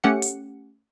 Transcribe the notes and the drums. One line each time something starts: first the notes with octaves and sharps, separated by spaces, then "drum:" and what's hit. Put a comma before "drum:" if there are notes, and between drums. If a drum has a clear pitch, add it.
A3 C#4 G4 F#5 C#7
drum: hi-hat